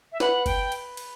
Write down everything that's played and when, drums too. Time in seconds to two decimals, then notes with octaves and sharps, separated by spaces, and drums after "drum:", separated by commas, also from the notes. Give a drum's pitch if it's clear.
0.12 E5
0.20 B4 F#5, drum: snare
0.46 G5, drum: kick F#1, cymbal
0.72 drum: cymbal
0.97 drum: cymbal